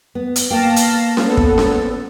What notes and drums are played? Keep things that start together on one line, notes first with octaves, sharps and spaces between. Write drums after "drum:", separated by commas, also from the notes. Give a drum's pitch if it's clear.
B3
drum: hi-hat
A#3 F#4 F5 G5 A5 A#6
drum: hi-hat
drum: snare C#4
B3 A4
drum: kick
drum: snare C#4